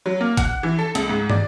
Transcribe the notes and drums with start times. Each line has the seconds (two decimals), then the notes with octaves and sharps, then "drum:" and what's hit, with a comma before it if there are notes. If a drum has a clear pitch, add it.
0.06 F#3
0.21 A#3
0.37 F#5, drum: kick G1, hi-hat
0.63 E3
0.79 A4
0.95 C#2, drum: hi-hat
1.09 G#2
1.30 D5, drum: tom